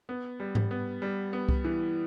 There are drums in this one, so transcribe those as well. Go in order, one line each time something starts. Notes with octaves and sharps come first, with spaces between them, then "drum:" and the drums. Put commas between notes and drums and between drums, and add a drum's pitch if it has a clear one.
B3
G3
drum: tom G#2
B3
G3
B3
drum: kick C2
E3